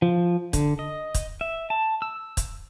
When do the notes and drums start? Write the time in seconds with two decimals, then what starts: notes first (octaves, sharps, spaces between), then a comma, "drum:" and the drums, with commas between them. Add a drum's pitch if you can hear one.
0.02 F3
0.53 D3, drum: kick, hi-hat
0.79 D#5
1.15 drum: kick, hi-hat
1.41 E5
1.70 A5
2.02 E6
2.37 drum: kick, hi-hat